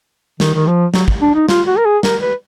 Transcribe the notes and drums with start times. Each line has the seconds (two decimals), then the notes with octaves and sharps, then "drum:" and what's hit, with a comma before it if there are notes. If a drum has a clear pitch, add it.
0.40 D#3, drum: snare
0.54 D#3
0.67 F3
0.94 F#3, drum: snare
1.08 drum: kick
1.22 D4
1.35 D#4
1.49 F4, drum: snare
1.67 F#4
1.78 A#4
1.85 G#4
2.03 A#4, drum: snare
2.21 B4